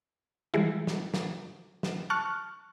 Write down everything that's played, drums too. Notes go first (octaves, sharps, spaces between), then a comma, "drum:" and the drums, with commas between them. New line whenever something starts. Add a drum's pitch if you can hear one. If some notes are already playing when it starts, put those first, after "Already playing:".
E3 G3 G#3 E4
drum: snare
drum: snare
drum: snare
A5 C#6 F6 F#6